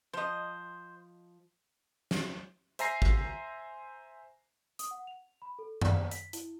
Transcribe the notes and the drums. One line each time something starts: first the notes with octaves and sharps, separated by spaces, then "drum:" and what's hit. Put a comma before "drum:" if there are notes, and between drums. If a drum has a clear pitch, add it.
F3 C5 D#5
drum: snare
C5 E5 G#5 A#5 A#6 C7, drum: hi-hat
drum: kick
D#6, drum: hi-hat
F#5
F7
B5
A4
D5, drum: tom F#2
B6, drum: hi-hat
E4, drum: hi-hat